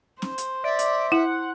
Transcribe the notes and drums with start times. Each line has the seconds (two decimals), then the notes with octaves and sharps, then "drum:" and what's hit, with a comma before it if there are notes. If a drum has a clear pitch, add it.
0.22 C5, drum: snare
0.38 drum: hi-hat
0.64 D5 E5
0.79 drum: hi-hat
1.12 E4 F#5